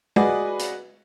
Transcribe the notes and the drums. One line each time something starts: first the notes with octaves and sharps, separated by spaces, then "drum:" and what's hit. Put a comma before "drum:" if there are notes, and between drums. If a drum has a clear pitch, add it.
F#4 G#4 B4 D5 D#5 F#5, drum: tom
drum: hi-hat